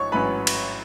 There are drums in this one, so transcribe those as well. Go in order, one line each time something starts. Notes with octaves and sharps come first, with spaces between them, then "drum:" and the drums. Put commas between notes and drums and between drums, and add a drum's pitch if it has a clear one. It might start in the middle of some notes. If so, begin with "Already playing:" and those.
Already playing: A1 G#2 F#3 C#5 C#6
A1 G#2 F#3 C#4 B4 B5
drum: cymbal